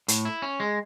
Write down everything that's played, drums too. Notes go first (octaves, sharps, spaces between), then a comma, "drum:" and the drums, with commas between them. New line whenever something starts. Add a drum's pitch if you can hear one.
A2, drum: hi-hat
E4
C#4
G#3